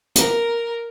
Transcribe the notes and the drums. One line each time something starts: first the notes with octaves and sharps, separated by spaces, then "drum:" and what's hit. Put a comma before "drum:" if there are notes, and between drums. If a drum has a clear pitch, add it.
A#4, drum: hi-hat